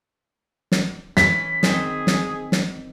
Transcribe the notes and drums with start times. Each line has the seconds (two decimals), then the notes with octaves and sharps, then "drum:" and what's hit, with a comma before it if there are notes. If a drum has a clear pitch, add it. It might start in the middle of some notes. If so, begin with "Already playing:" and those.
0.72 drum: snare
1.17 E3 C#4 B6, drum: snare
1.63 D#3 C4 G#4, drum: snare
2.07 drum: snare
2.52 drum: snare